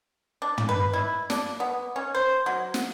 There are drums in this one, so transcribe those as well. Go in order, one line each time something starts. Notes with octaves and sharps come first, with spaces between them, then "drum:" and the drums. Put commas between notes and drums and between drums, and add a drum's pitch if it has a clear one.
D4
drum: tom
B4
E4
D4, drum: snare
B3
C#4
C5
F#3
drum: snare